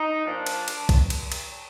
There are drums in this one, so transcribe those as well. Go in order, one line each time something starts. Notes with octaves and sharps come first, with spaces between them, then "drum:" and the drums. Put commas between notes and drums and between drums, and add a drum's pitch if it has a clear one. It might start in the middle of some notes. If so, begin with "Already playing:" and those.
Already playing: D#4
A#2 F3 D4
drum: cymbal
drum: cymbal
drum: kick, cymbal
drum: cymbal
drum: cymbal